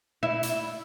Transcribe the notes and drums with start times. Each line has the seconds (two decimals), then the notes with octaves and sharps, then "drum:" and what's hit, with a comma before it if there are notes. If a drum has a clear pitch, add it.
0.23 E4
0.43 drum: hi-hat